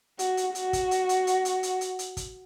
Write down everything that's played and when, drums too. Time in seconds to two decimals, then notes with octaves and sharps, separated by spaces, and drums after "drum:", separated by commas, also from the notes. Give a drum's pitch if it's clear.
0.19 F#4, drum: hi-hat
0.37 drum: hi-hat
0.55 F#4, drum: hi-hat
0.73 drum: kick, hi-hat
0.91 drum: hi-hat
1.09 drum: hi-hat
1.27 drum: hi-hat
1.45 drum: hi-hat
1.63 drum: hi-hat
1.81 drum: hi-hat
1.99 drum: hi-hat
2.17 drum: kick, hi-hat